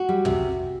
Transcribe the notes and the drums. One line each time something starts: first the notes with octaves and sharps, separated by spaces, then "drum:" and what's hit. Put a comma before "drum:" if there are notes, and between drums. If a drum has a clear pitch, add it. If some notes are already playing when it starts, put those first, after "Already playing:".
Already playing: F#4
G3
C3, drum: tom